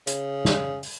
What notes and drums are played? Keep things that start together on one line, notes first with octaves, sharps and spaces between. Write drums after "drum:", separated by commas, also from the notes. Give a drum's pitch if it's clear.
C#3, drum: hi-hat
drum: snare
drum: open hi-hat